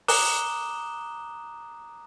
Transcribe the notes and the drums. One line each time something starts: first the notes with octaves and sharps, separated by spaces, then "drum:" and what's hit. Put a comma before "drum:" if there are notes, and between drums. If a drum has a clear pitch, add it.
A#5 D6 D#6 F#6 E7 G7, drum: open hi-hat